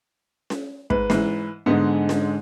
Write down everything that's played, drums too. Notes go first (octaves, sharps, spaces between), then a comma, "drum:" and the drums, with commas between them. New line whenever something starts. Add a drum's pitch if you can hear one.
drum: snare C#4
G#2 B4, drum: kick
G#2 E3, drum: snare C#4
G#2 D3 G#3 B3
drum: snare C#4